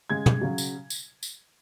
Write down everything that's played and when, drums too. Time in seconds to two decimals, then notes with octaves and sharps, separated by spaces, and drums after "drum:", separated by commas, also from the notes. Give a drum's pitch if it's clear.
0.10 C#3 G#3 G#6
0.26 drum: tom
0.41 C#3 F#3
0.58 drum: tambourine
0.90 drum: tambourine
1.23 drum: tambourine